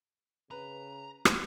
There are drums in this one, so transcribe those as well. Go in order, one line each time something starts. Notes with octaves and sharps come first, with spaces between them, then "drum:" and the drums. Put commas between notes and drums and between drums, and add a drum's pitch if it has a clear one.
C#3 B4 A#5
drum: rim click